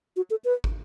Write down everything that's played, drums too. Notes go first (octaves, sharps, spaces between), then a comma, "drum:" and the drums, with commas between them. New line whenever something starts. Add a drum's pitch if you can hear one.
F#4
A4
B4
drum: kick